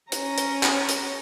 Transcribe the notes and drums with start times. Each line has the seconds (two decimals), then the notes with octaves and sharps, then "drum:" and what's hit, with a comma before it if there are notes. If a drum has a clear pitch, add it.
0.12 C#4 A#5, drum: hi-hat
0.38 drum: hi-hat
0.63 drum: clap
0.89 drum: hi-hat